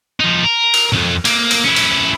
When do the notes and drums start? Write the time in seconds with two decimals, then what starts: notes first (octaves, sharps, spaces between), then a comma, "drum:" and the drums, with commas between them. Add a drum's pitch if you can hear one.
0.20 F3 D#4
0.44 A#4
0.74 drum: cymbal
0.93 B1 F2
1.25 A#3, drum: cymbal
1.51 drum: cymbal
1.64 C#4 E4
1.76 drum: cymbal